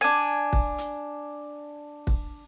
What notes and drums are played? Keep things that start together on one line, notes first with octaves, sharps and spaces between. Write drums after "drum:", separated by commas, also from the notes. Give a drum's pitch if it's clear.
D4 G#5
drum: kick
drum: hi-hat
drum: kick